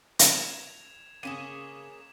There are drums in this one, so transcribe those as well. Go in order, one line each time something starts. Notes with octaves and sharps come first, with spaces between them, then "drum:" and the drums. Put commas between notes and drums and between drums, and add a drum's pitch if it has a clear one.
G#6 E7 F7, drum: hi-hat
C#3 A#3 C#4 G#4 D6 B6 D#7 E7